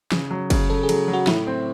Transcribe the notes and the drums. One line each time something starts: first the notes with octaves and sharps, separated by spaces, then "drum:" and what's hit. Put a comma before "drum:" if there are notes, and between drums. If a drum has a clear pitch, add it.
C#3, drum: snare
F#3
C#3, drum: kick, cymbal
C#3 A4
G#4
F#3, drum: cymbal
F#3
F#4
A2 E4, drum: snare
C4